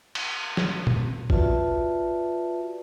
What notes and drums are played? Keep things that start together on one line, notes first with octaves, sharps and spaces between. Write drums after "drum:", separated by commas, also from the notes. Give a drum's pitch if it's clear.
drum: cymbal
drum: snare
drum: tom A#2
F4 F#4 B4 D5 E5 A5, drum: kick A1